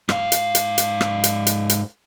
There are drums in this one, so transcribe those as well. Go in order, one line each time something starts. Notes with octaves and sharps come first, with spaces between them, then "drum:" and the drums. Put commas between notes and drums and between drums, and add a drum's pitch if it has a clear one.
G#2 F5, drum: rim click
drum: hi-hat
drum: hi-hat
drum: hi-hat
drum: rim click
drum: hi-hat
drum: hi-hat
drum: hi-hat